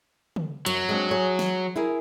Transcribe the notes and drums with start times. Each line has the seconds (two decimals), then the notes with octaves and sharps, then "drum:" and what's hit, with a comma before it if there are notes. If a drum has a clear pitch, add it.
0.36 drum: tom
0.66 F#2 F#3, drum: hi-hat
0.89 G#3 C4 D4
1.11 F#4 G#4 C#5
1.39 drum: snare
1.76 E4 G#4 A#4